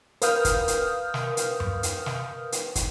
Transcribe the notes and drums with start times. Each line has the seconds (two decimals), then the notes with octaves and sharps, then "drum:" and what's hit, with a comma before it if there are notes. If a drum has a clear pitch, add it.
0.22 A#4 B4 F5 D#6 F6 G6, drum: hi-hat
0.45 drum: kick, hi-hat
0.68 drum: hi-hat
1.14 drum: snare
1.37 drum: hi-hat
1.60 drum: tom F#2
1.83 drum: hi-hat
2.06 drum: snare
2.52 drum: hi-hat
2.75 drum: kick, hi-hat